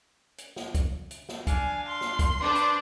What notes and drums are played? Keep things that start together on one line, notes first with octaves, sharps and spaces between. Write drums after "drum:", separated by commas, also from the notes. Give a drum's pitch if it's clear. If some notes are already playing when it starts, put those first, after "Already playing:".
drum: hi-hat
drum: snare
drum: kick, hi-hat
drum: hi-hat
drum: snare
D4 F5 G#5, drum: kick, hi-hat
C6
drum: snare
drum: kick, hi-hat
D4 B4 C5 D5 D6
drum: hi-hat